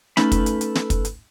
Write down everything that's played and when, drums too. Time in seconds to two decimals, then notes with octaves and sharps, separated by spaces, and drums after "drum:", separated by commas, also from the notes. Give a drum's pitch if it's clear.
0.17 A3 C#4 D#4 A4 B4 B5, drum: snare
0.32 drum: kick, hi-hat
0.46 drum: hi-hat
0.61 drum: hi-hat
0.75 drum: snare
0.90 drum: kick, hi-hat
1.05 drum: hi-hat